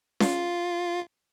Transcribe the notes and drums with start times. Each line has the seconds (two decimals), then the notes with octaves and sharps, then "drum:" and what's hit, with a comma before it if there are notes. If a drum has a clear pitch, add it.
0.20 F4, drum: snare C#4